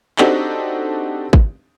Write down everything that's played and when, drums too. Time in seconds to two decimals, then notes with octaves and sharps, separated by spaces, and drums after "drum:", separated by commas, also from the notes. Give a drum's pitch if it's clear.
0.18 C4 D4 D#4 F#4 G4 A4, drum: clap
1.33 drum: kick